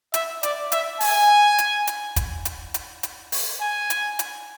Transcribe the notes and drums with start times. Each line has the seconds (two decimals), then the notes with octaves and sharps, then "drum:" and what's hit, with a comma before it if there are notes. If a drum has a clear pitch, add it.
0.14 E5, drum: hi-hat
0.43 D5, drum: hi-hat
0.72 E5, drum: hi-hat
1.01 G#5, drum: open hi-hat
1.58 drum: hi-hat
1.87 drum: hi-hat
2.16 drum: kick, hi-hat
2.45 drum: hi-hat
2.74 drum: hi-hat
3.03 drum: hi-hat
3.32 drum: open hi-hat
3.61 G#5
3.90 drum: hi-hat
4.19 drum: hi-hat